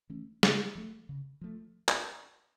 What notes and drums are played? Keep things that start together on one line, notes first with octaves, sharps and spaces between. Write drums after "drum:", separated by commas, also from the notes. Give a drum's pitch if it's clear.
E3 A3 C#4
C#3, drum: snare
F3 A3
C#3
F3 A3
drum: clap